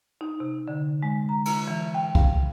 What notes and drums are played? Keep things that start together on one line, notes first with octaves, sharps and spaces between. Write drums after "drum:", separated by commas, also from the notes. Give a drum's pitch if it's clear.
D#4
C3
D3
G#3
A#5
A#5, drum: cymbal
E3
G5
F5, drum: kick C2